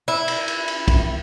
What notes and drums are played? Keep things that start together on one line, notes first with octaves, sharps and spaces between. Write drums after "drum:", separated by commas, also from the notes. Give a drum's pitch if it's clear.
E4
drum: cymbal
drum: cymbal
drum: cymbal
drum: kick, cymbal